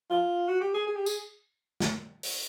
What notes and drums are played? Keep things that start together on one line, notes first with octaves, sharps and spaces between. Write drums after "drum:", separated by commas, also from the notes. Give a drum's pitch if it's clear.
F4
F#4
G4
G#4
G#4
G4
G#4, drum: tambourine
drum: snare
drum: open hi-hat